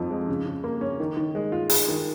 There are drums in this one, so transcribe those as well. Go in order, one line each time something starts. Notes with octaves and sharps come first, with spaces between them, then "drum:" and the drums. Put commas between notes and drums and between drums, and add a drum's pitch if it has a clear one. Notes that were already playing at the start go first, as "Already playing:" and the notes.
Already playing: F2 F3 D#4
G#3
C#3
C#3
A#3
C#4
D#3
D#3
G#3
F4
G#4, drum: open hi-hat
D#3